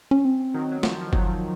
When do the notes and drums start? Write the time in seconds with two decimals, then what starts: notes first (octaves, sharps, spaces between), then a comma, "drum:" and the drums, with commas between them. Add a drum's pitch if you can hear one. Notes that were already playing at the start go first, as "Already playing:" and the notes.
0.11 C#4
0.25 C4
0.54 D#3 F#3
0.72 F#3
0.83 F3, drum: snare
1.01 F3
1.13 D#3 F#3, drum: kick G1